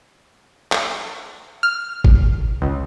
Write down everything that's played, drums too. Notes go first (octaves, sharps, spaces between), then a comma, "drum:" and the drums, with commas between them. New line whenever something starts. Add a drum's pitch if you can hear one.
drum: clap
F6
drum: kick G#1
C#2